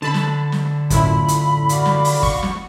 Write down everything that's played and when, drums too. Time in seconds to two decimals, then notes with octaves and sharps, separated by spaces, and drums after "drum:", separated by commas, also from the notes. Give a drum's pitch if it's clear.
0.02 D3 A5 B5
0.14 drum: snare
0.52 drum: snare
0.90 F#2 A2 E4 F4 B5, drum: kick, hi-hat
1.28 drum: hi-hat
1.69 F#4 D5 F5, drum: hi-hat
1.86 drum: snare
2.05 drum: open hi-hat
2.23 C#6, drum: kick
2.43 drum: snare